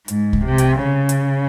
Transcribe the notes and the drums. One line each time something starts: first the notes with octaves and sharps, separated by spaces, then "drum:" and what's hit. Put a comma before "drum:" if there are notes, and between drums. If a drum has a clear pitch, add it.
G#2, drum: hi-hat
drum: kick C2
C3
drum: hi-hat
C#3
drum: hi-hat